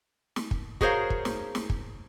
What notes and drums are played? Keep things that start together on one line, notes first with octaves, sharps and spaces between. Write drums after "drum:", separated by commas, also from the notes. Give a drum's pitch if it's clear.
drum: snare
drum: kick
F#4 G#4 A#4 C5 C#5 F5, drum: kick
drum: kick
drum: snare
drum: snare
drum: kick